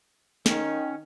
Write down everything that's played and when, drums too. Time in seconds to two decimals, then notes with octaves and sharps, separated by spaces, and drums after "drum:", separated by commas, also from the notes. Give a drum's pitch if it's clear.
0.46 D#3 C#4, drum: snare